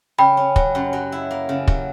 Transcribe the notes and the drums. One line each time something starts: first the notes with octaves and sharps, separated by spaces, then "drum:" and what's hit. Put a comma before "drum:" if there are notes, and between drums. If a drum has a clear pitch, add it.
C#3 G5 B5
C#4
F#3, drum: kick
F#2
F#3
E4
A#3
C#3
F#3, drum: kick